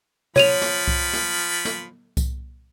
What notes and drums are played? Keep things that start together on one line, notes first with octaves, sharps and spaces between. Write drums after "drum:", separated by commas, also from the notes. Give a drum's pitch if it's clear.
F3 C#5 B5 D#7 F7, drum: tom
drum: snare
drum: kick C2
drum: snare
drum: snare
drum: kick C2, tambourine